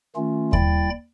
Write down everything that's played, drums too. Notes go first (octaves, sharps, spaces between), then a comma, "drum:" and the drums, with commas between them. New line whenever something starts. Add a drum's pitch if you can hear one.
D#3 A3 C#4 F4
D#2 G3 E4 G5 B5 A6, drum: kick D#2